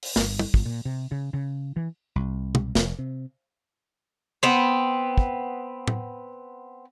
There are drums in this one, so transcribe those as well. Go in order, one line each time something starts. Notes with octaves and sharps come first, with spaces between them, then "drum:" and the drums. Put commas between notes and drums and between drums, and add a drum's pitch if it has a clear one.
drum: open hi-hat
G1, drum: snare
drum: tom
G1, drum: kick
A#2
C3
C#3
C#3
E3
C2
drum: tom
F1, drum: snare
C3
B3 C4
drum: kick
drum: tom